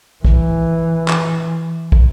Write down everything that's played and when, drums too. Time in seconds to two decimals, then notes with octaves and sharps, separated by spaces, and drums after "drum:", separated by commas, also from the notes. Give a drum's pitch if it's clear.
0.25 E3, drum: kick
1.08 drum: clap
1.92 drum: kick